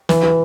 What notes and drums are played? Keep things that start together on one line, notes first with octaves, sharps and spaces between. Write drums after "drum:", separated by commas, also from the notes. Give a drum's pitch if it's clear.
E3, drum: snare
E3